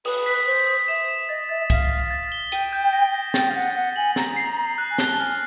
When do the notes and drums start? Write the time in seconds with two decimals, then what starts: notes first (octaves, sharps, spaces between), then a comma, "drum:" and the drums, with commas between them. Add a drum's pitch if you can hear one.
0.05 B4 D#6, drum: open hi-hat
0.26 B6
0.46 C5 B6
0.67 D#6
0.88 E5 E7
1.08 E7
1.29 D#5 A6
1.49 E5 A6
1.70 F5 A6, drum: kick, hi-hat
1.91 A6
2.11 A6
2.32 G7
2.52 G5 D#7, drum: hi-hat
2.73 G6
2.93 A#6
3.14 A#6
3.34 G5 A6, drum: snare
3.50 F5
3.55 F#5 A6
3.75 F#5 A6
3.96 G#5 F#7
4.16 A#5 A6, drum: snare
4.36 C7
4.57 C7
4.78 F#6
4.90 G#5
4.98 A5 G7, drum: snare
5.10 A5
5.20 G#5 F6